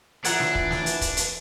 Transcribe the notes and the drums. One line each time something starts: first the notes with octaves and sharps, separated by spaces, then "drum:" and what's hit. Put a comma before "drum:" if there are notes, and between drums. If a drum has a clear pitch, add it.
E3 D4 F4 A4 F#5 A#5 G#6, drum: hi-hat
drum: snare
drum: kick
drum: snare
drum: hi-hat
drum: kick, hi-hat
drum: hi-hat